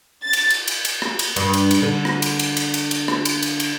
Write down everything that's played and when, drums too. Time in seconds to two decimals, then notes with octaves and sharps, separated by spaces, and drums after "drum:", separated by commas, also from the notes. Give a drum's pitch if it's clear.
0.22 A6
0.33 drum: cymbal
0.50 drum: cymbal
0.68 drum: cymbal
0.85 drum: cymbal
1.02 drum: rim click
1.19 drum: cymbal
1.36 G2, drum: cymbal
1.54 drum: cymbal
1.71 drum: cymbal
1.82 D3
2.05 drum: rim click
2.22 drum: cymbal
2.39 drum: cymbal
2.57 drum: cymbal
2.74 drum: cymbal
2.91 drum: cymbal
3.08 drum: rim click
3.25 drum: cymbal
3.43 drum: cymbal
3.60 drum: cymbal